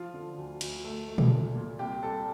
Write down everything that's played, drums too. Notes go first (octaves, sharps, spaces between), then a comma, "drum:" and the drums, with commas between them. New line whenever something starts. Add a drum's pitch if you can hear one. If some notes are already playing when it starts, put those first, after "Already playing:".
Already playing: F3 F4
D3
D2
D2, drum: cymbal
A3
A3
drum: tom A#2
A#2
A#2
C2 G4
G3 A4